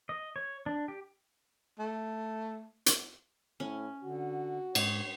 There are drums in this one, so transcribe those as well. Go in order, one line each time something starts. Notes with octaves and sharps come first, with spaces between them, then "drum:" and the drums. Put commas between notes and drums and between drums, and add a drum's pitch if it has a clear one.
D#5
C#5
D4
G4
A3
drum: hi-hat
A2 C#4
D3 F#4
G#2 C#5, drum: cymbal